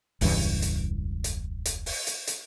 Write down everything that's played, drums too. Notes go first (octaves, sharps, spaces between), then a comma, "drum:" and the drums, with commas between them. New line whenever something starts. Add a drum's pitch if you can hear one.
E1 C#2 G2 E3, drum: open hi-hat
drum: hi-hat
drum: hi-hat
drum: hi-hat
drum: open hi-hat
drum: hi-hat
drum: hi-hat